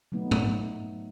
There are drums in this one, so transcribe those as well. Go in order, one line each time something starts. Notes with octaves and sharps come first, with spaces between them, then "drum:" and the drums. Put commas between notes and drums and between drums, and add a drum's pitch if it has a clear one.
F#3 A3 B3 D#4
drum: tom G#2